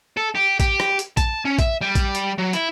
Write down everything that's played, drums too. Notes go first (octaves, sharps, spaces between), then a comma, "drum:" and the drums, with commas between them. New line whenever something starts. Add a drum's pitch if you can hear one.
A4
G4
G4, drum: kick A#1, hi-hat
drum: rim click
drum: hi-hat
A5, drum: kick A#1, hi-hat
C#4
E5, drum: kick A#1, hi-hat
G3
drum: kick A#1, hi-hat
drum: hi-hat
F#3
E4, drum: hi-hat